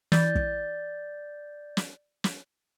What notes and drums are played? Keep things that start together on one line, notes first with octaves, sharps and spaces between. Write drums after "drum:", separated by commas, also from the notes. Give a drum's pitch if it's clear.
E3 D5 G6 A6, drum: snare
drum: kick
drum: snare
drum: snare